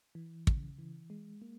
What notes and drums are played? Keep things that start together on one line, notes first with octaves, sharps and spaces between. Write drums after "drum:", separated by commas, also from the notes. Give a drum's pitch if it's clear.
E3
C#3, drum: kick
E3
G#3
A#3